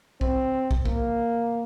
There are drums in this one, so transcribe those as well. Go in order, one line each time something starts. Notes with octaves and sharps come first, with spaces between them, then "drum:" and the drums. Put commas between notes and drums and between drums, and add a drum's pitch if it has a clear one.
C4, drum: kick
drum: kick
A#3, drum: kick